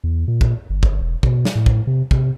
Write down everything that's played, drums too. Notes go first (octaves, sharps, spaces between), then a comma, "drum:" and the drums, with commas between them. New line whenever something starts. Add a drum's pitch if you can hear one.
E2
A#2
drum: kick
G1
drum: kick
E1
B2, drum: kick
drum: snare
A2
drum: kick
C3
C3, drum: kick